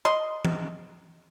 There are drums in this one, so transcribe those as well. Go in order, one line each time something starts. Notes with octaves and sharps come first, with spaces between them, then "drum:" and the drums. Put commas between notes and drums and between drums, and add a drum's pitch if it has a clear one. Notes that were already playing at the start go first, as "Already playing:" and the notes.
D#5 C6
drum: tom